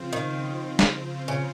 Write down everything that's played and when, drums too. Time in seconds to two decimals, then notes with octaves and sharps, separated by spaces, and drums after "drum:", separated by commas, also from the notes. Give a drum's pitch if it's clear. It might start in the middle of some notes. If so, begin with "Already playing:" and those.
Already playing: C#3 F3 C4 F4 C5
0.13 D#3
0.79 drum: snare
1.28 C#3